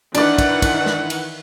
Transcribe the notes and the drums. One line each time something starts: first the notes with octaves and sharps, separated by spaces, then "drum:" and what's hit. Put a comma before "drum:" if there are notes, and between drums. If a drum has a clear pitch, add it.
D#3 E3 D4 D5 F#5, drum: cymbal
drum: kick, cymbal
drum: kick, cymbal
drum: snare
drum: cymbal